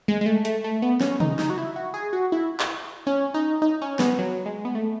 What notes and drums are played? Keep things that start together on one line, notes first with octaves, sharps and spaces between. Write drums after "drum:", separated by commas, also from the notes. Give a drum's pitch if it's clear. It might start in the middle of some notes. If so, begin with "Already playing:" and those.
G#3
G#3
A3
A3, drum: hi-hat
A3
B3
C#4, drum: snare
D#4, drum: tom
D#4, drum: snare
F#4
E4
F#4
G#4
F#4
E4
drum: clap
C#4
D#4
D#4
C#4
B3, drum: snare
F#3
G#3
B3
A3